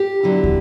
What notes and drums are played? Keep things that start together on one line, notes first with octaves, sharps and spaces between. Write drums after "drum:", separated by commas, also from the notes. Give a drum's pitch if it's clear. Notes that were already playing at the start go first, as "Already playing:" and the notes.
Already playing: G4
D3 F#3 B3 E4
drum: kick